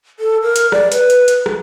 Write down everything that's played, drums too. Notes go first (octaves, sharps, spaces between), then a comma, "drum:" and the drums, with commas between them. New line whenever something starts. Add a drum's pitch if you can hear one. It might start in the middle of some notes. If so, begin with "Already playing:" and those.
A4
A#4
drum: hi-hat
D5, drum: rim click
B4, drum: hi-hat
drum: hi-hat
drum: hi-hat
drum: rim click